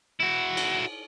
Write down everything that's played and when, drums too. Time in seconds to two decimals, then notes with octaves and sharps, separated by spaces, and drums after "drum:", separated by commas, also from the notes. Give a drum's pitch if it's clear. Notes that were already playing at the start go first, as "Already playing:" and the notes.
0.20 E4 F#4
0.57 drum: cymbal